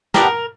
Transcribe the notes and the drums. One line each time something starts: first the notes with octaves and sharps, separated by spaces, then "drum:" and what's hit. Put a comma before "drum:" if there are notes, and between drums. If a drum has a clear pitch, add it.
B3 D4 G4 A#4, drum: snare